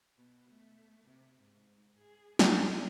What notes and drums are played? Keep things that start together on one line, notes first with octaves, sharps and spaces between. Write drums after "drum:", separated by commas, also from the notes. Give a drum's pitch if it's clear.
B2
A3
C3
G#2
G#4
D4, drum: snare